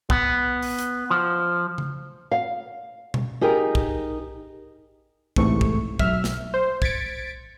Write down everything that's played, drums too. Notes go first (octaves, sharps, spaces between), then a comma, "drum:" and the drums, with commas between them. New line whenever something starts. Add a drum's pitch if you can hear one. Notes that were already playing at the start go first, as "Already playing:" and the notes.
B3, drum: kick
drum: open hi-hat
drum: hi-hat
F3
drum: tom C#3
F5
drum: tom B2
D#4 G4 G#4 A#4
drum: kick
A1 G#2 C3 E3 A3 C#6, drum: kick
drum: kick
B1 F#3 E5 F6, drum: kick
drum: snare
C5
G#6 A6 B6 C#7 D7, drum: kick